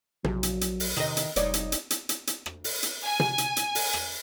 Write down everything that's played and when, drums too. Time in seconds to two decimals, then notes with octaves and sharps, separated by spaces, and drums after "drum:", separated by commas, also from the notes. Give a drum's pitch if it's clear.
0.24 A#1 F#3, drum: tom
0.43 drum: hi-hat
0.61 drum: hi-hat
0.80 drum: open hi-hat
0.97 C3 D#3 D#5, drum: rim click
1.17 drum: hi-hat
1.36 F1 G3 D#4 C#5 D5, drum: hi-hat
1.54 drum: hi-hat
1.72 drum: hi-hat
1.90 drum: hi-hat
2.09 drum: hi-hat
2.27 drum: hi-hat
2.46 drum: rim click
2.64 drum: open hi-hat
2.83 drum: hi-hat
3.05 G#5
3.20 drum: tom
3.38 drum: hi-hat
3.57 drum: hi-hat
3.75 drum: open hi-hat
3.93 drum: rim click